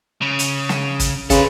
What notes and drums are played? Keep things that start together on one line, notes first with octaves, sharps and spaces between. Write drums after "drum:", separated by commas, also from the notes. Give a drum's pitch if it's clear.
C#3
drum: hi-hat
drum: snare
drum: kick, hi-hat
C#3 A4 B4, drum: kick, hi-hat